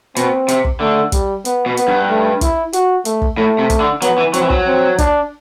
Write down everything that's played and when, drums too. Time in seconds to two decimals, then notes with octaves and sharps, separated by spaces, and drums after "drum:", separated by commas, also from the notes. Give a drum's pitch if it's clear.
0.16 B2 C4, drum: hi-hat
0.48 C3, drum: hi-hat
0.64 drum: kick
0.80 D3 A3
1.12 G3, drum: kick, hi-hat
1.45 B3, drum: hi-hat
1.66 B2
1.77 B3, drum: hi-hat
1.88 G2
2.09 A3
2.41 E4, drum: kick, hi-hat
2.73 F#4, drum: hi-hat
3.05 A3, drum: hi-hat
3.21 drum: kick
3.37 A2 A3
3.59 C3
3.70 drum: kick, hi-hat
3.80 D3
4.02 F#3 B3, drum: hi-hat
4.18 E3
4.34 F#3 C4, drum: hi-hat
4.42 E3
4.50 F#3, drum: kick
4.66 C4
4.98 D4, drum: kick, hi-hat